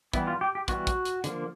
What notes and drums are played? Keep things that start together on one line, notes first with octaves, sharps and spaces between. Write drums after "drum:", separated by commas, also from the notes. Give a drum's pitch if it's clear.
E3 G3 B3 E4, drum: kick, hi-hat
F4
G4
G4
E3 G3 B3 F#4, drum: kick, hi-hat
drum: kick, hi-hat
drum: hi-hat
D3 F3 A#3, drum: hi-hat